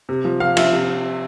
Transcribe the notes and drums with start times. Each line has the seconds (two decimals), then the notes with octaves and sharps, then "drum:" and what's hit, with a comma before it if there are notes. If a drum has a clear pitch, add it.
0.09 C3
0.24 F3
0.40 C3 F5
0.57 F3 E5, drum: cymbal
0.72 C3